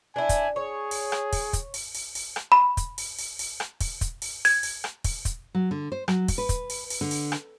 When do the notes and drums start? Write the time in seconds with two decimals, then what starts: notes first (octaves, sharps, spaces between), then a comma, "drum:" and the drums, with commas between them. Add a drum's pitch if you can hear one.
0.16 D4 E4 G#5
0.29 drum: kick, hi-hat
0.56 G#4 C#5
0.91 drum: open hi-hat
1.12 drum: rim click
1.33 drum: kick, open hi-hat
1.53 drum: kick, hi-hat
1.74 drum: open hi-hat
1.95 drum: open hi-hat
2.15 drum: open hi-hat
2.36 drum: rim click
2.52 B5
2.77 drum: kick, hi-hat
2.98 drum: open hi-hat
3.19 drum: open hi-hat
3.39 drum: open hi-hat
3.60 drum: rim click
3.81 drum: kick, open hi-hat
4.01 drum: kick, hi-hat
4.22 drum: open hi-hat
4.45 G#6, drum: open hi-hat
4.63 drum: open hi-hat
4.84 drum: rim click
5.04 drum: kick, open hi-hat
5.25 drum: kick, hi-hat
5.55 F#3
5.71 D3
5.92 C5
6.08 F#3, drum: rim click
6.28 drum: kick, open hi-hat
6.38 B4
6.49 drum: kick, hi-hat
6.70 drum: open hi-hat
6.90 drum: open hi-hat
7.01 D3
7.11 drum: open hi-hat
7.32 drum: rim click